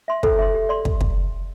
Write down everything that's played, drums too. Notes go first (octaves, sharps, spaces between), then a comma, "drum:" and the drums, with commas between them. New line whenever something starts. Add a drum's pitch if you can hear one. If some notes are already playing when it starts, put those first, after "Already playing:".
E5 C6
A4 C5, drum: kick
E5 C6
G4
D5 C6
drum: kick
drum: kick